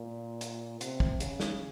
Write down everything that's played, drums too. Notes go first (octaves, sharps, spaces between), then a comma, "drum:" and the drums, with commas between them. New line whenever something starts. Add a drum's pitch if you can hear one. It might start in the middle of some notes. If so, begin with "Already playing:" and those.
Already playing: A#2
drum: hi-hat
C3, drum: hi-hat
drum: kick
C#3, drum: hi-hat
drum: snare